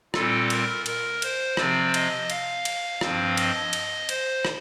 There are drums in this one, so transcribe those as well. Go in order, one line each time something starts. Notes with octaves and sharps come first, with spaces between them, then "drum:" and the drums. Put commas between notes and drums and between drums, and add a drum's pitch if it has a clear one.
A#2 G3 C4 F4 A4, drum: rim click
A#4, drum: cymbal
A#4, drum: cymbal
C5, drum: cymbal
C3 F3 C4 D5, drum: rim click
D#5, drum: cymbal
F5, drum: cymbal
drum: cymbal
G2 F3 C4, drum: rim click
D#5, drum: cymbal
drum: cymbal
C5, drum: cymbal
drum: rim click